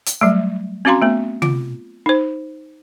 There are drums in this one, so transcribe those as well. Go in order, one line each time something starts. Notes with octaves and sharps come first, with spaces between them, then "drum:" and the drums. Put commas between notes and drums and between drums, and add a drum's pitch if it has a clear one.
drum: hi-hat
F#3 G3 A3
C4 C#4 F#4 F5 A#5 C6
A3 B3
F4, drum: tom C3
D#4 C5